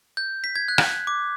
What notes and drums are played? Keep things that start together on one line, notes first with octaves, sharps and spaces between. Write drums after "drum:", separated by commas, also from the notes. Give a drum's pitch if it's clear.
G6
B6
G#6
F#6
drum: rim click
D6